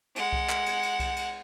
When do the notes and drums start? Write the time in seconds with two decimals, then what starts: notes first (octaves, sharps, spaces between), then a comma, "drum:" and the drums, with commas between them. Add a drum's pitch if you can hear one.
0.16 G#3 F#5, drum: cymbal
0.33 drum: kick C2
0.49 drum: clap
0.66 drum: cymbal
0.83 drum: cymbal
1.00 drum: kick C2, cymbal
1.16 drum: cymbal